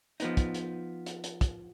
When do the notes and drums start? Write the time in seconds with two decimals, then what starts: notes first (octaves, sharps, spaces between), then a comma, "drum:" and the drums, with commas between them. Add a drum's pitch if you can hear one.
0.20 F3 B3 D#4, drum: hi-hat
0.37 drum: kick, hi-hat
0.54 drum: hi-hat
1.06 drum: hi-hat
1.24 drum: hi-hat
1.41 drum: kick, hi-hat